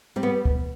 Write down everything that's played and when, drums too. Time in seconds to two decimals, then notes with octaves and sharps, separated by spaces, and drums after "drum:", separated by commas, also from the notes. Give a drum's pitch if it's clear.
0.16 G3 C4
0.23 B3
0.45 drum: kick